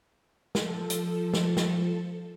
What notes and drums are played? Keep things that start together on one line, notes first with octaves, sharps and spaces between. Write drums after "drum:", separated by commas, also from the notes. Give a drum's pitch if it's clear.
F3 A4, drum: snare
drum: hi-hat
drum: snare
drum: snare